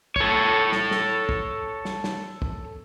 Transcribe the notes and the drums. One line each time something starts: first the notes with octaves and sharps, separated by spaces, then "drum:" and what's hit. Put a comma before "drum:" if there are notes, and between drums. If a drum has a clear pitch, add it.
A4 C#5, drum: kick
drum: snare
drum: snare
drum: kick
drum: snare
drum: snare
drum: kick